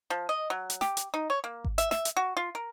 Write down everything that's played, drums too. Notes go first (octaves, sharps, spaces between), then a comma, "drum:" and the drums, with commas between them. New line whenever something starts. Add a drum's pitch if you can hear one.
F3
D#5
F#3
drum: hi-hat
G4, drum: snare
drum: hi-hat
D#4
C#5
A#3
drum: kick G#1
E5, drum: hi-hat
E5, drum: snare
drum: hi-hat
F#4
F4
A#4